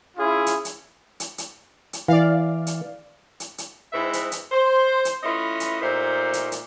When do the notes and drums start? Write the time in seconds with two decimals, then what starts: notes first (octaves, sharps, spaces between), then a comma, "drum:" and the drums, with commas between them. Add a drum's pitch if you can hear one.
0.17 C#4 E4 F4 G#4
0.46 drum: hi-hat
0.65 drum: hi-hat
1.20 drum: hi-hat
1.38 drum: hi-hat
1.93 drum: hi-hat
2.08 E3 D5 F5
2.67 drum: hi-hat
3.40 drum: hi-hat
3.58 drum: hi-hat
3.93 G#2 C4 E4 G#4 B4 E5
4.13 drum: hi-hat
4.32 drum: hi-hat
4.52 C5
5.05 drum: hi-hat
5.23 A3 C#4 E4 F4 B4 D#5
5.60 drum: hi-hat
5.82 A#2 A3 D#4 G4 C5
6.33 drum: hi-hat
6.52 drum: hi-hat